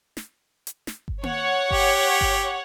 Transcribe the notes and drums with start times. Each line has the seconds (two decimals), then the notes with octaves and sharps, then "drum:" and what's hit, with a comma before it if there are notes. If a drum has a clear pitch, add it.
0.17 drum: snare
0.67 drum: hi-hat
0.87 drum: snare
1.08 drum: kick G1
1.23 C#5 F#5, drum: tom A#3
1.71 G4, drum: kick G1
2.21 drum: kick G1